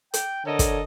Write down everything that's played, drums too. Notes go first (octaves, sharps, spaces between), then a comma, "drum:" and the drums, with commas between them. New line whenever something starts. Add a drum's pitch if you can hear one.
G5, drum: hi-hat
D3 A4 A#4 C#5 D#5
drum: kick, hi-hat